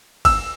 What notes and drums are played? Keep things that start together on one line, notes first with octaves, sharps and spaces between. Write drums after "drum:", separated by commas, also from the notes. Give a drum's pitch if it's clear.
E6, drum: kick G#1, cymbal